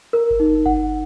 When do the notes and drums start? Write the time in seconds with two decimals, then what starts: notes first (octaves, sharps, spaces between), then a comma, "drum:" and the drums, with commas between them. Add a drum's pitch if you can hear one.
0.13 A#4
0.30 drum: kick G1
0.40 D#4
0.66 F#5, drum: kick G1